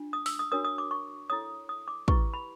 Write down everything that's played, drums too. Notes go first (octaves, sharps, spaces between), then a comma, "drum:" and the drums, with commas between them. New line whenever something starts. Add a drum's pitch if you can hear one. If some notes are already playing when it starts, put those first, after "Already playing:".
Already playing: D4 F4
D#6
E6, drum: open hi-hat
D#6
D4 F#4 A#4 C#5 D#6
D#6
D6
C#6
E4 A4 C#5 D#6
D#6
D6
E4 G4 B4 C#6, drum: kick
B5